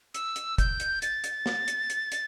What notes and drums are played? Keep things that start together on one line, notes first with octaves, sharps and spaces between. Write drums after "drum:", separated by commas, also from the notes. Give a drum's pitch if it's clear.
E6, drum: hi-hat
drum: hi-hat
G6, drum: kick, hi-hat
drum: hi-hat
A6, drum: hi-hat
drum: hi-hat
drum: snare
drum: hi-hat
drum: hi-hat
drum: hi-hat